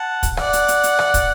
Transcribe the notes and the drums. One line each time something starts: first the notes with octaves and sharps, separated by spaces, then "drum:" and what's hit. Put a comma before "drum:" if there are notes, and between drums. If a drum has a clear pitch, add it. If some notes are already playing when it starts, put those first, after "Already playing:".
Already playing: F#5 A5
drum: kick, hi-hat
D5 F#5, drum: rim click
drum: hi-hat
drum: hi-hat
drum: hi-hat
drum: rim click
drum: kick, hi-hat